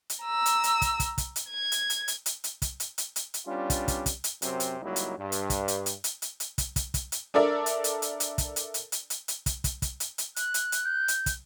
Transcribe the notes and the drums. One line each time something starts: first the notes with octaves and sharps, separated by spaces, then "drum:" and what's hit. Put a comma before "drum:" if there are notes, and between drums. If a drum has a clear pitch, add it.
drum: hi-hat
A#5 E6
drum: hi-hat
drum: hi-hat
drum: kick, hi-hat
drum: kick, hi-hat
drum: kick, hi-hat
drum: hi-hat
G#6
drum: hi-hat
drum: hi-hat
drum: hi-hat
drum: hi-hat
drum: hi-hat
drum: kick, hi-hat
drum: hi-hat
drum: hi-hat
drum: hi-hat
drum: hi-hat
G3 B3 C#4 D4 F4
drum: kick, hi-hat
drum: kick, hi-hat
drum: kick, hi-hat
drum: hi-hat
F#2 C3 F#3 C4, drum: hi-hat
drum: hi-hat
C#2 F#3 G3 A#3 D#4 E4
drum: hi-hat
G2
drum: hi-hat
drum: kick, hi-hat
drum: hi-hat
drum: hi-hat
drum: hi-hat
drum: hi-hat
drum: hi-hat
drum: kick, hi-hat
drum: kick, hi-hat
drum: kick, hi-hat
drum: hi-hat
D4 A4 A#4 D5 E5
drum: hi-hat
drum: hi-hat
drum: hi-hat
drum: hi-hat
drum: kick, hi-hat
drum: hi-hat
drum: hi-hat
drum: hi-hat
drum: hi-hat
drum: hi-hat
drum: kick, hi-hat
drum: kick, hi-hat
drum: kick, hi-hat
drum: hi-hat
drum: hi-hat
F#6, drum: hi-hat
drum: hi-hat
drum: hi-hat
G6
drum: hi-hat
drum: kick, hi-hat